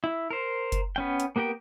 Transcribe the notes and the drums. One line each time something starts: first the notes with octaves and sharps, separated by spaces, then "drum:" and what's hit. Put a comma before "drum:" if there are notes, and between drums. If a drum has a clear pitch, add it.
E4
A#4 C5
drum: kick F#1, hi-hat
B3 C#4 G5
drum: hi-hat
A#3 B3 G4 A#4 G5